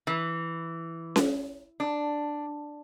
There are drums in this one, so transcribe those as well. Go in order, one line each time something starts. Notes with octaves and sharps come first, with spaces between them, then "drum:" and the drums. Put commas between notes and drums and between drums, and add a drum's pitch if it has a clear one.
E3
drum: snare C#4
D4